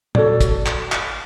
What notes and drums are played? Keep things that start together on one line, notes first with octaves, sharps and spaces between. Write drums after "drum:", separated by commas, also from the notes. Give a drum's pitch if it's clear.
F#4 A4 C#5 D5, drum: tom
drum: kick, hi-hat
drum: clap
drum: clap